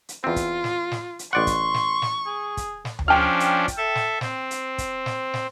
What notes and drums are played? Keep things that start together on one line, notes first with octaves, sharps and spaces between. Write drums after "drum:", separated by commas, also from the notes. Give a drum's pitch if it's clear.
drum: hi-hat
E2 C4 F4
drum: kick, hi-hat
drum: snare
drum: snare
drum: hi-hat
A1 D5 F#5 C6 C#6
drum: kick, hi-hat
drum: snare
drum: snare
G#4
drum: kick, hi-hat
drum: snare
drum: tom D2
F3 C#4 D4 G5 F6
drum: hi-hat
drum: kick, hi-hat
A4 E5
drum: snare
C4, drum: snare
drum: hi-hat
drum: kick, hi-hat
drum: snare
drum: snare